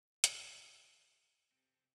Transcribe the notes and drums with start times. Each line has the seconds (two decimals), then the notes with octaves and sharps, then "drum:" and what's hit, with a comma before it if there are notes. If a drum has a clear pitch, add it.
0.24 drum: hi-hat
1.52 C3 C4 A4